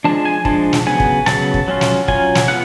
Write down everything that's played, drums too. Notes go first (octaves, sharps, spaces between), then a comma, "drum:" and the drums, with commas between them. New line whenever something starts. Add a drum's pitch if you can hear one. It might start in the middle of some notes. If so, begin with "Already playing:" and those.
F3 G#3 D4 A5
G#5
F3 G#3 D4 A5, drum: kick
drum: snare
C#3 F#3 B3 G#5
drum: kick
C#3 F#3 B3 A5, drum: snare
drum: kick
F#3 C#4 F4
drum: snare
F#3 C#4 F4 G#5, drum: kick
drum: snare
B3 F4 F#5